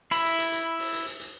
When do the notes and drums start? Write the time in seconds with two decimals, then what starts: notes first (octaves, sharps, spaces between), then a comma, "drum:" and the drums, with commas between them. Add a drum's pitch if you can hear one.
0.11 E4 B5, drum: hi-hat
0.25 drum: hi-hat
0.38 drum: hi-hat
0.52 drum: hi-hat
0.79 drum: open hi-hat
0.93 drum: hi-hat
1.06 drum: hi-hat
1.20 drum: hi-hat